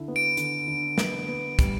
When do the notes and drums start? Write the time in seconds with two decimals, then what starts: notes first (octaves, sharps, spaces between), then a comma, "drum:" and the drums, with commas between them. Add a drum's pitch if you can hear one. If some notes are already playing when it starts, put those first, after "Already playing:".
Already playing: D3 E4
0.08 B3
0.16 D7
0.37 D3, drum: hi-hat
0.68 D3
0.98 B3, drum: snare
1.29 B3
1.59 G3, drum: kick, hi-hat